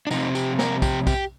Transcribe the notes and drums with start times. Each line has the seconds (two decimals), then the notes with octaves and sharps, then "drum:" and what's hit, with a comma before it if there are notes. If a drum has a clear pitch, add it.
0.07 D4
0.11 C3 F3 C4 D#4, drum: tambourine
0.35 G4, drum: tambourine
0.59 A#4, drum: snare
0.82 G4, drum: kick, tambourine
1.07 G4, drum: kick, tambourine